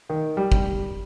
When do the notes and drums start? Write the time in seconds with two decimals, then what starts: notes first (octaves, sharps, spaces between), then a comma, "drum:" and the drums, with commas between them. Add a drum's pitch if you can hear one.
0.09 D#3
0.37 G3
0.52 drum: kick